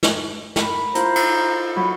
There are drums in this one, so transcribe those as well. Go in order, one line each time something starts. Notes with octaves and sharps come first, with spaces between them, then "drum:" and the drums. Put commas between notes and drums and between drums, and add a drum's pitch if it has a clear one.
drum: snare
A#4 B5, drum: snare
E4 F4 C5 A#5, drum: hi-hat
drum: cymbal
F#3 B5